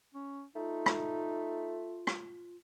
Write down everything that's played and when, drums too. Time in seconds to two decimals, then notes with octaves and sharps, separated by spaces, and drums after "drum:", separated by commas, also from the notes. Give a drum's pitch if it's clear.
0.14 C#4
0.56 A3 D#4 F4
0.86 drum: rim click
2.07 drum: rim click